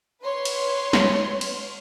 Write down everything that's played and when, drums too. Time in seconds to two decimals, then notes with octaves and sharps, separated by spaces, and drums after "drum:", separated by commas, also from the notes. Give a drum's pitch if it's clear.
0.21 B4 C#5 C6
0.45 drum: cymbal
0.93 drum: snare
1.41 drum: cymbal